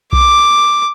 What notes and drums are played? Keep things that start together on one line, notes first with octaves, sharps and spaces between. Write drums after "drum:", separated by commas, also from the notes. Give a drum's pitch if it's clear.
D6, drum: kick B1